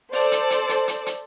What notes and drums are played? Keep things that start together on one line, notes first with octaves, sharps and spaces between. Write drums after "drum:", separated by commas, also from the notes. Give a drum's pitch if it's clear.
A4 C5 D5, drum: open hi-hat
drum: hi-hat
drum: hi-hat
drum: hi-hat
drum: hi-hat
drum: hi-hat